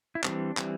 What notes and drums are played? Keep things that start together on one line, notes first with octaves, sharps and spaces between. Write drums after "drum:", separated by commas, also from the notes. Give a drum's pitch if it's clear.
E4
E3 G3 C4 D4, drum: clap
E3 G3 C4, drum: clap